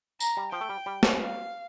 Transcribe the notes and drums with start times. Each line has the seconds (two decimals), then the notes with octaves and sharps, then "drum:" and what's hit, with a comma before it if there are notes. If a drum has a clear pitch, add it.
0.20 A#5, drum: tambourine
0.37 G3
0.52 F3 G5
0.61 A3
0.69 G3
0.86 G3
1.03 A3, drum: snare
1.18 F5